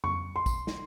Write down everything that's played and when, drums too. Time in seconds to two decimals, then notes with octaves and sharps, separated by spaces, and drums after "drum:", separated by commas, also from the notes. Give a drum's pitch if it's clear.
0.04 C#6, drum: tom F2
0.36 C6
0.46 drum: kick, tambourine
0.67 drum: snare